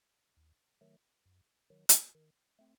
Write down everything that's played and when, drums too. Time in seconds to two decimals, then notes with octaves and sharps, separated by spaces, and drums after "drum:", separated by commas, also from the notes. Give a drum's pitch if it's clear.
0.37 D#2
0.81 D#3 F#3 A3
1.25 F#2
1.70 D#3 F#3
1.89 drum: hi-hat
2.15 D#3
2.59 A3 C4